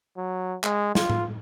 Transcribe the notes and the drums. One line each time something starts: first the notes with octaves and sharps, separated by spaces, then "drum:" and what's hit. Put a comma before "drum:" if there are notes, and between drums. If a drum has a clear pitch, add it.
F#3
G#3, drum: clap
F4, drum: snare
drum: tom A2